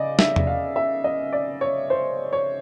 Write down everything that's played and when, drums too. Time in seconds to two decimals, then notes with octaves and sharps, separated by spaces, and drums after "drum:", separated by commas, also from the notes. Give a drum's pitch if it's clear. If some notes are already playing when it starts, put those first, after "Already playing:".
Already playing: C#3 D5 D#5
0.19 E5, drum: snare
0.36 drum: tom E2
0.47 F5
0.76 E5
1.04 D#5
1.33 D5
1.61 C#5
1.90 C5
2.33 C#5